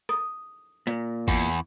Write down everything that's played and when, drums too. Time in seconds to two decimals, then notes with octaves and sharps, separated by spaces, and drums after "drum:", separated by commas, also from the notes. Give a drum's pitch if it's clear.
0.09 D#6, drum: rim click
0.87 A#2
1.28 E2, drum: kick G#1